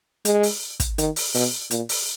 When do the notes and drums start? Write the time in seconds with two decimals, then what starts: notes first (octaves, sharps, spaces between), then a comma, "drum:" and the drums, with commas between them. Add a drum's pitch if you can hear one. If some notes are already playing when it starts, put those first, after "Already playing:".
0.25 G#3, drum: hi-hat
0.43 drum: open hi-hat
0.80 drum: kick, hi-hat
0.98 D#3, drum: hi-hat
1.16 drum: open hi-hat
1.34 B2, drum: open hi-hat
1.71 A#2, drum: hi-hat
1.89 drum: open hi-hat